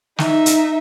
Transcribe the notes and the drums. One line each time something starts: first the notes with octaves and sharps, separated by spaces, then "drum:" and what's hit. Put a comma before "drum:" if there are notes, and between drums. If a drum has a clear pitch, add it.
D#4 E5, drum: snare
drum: hi-hat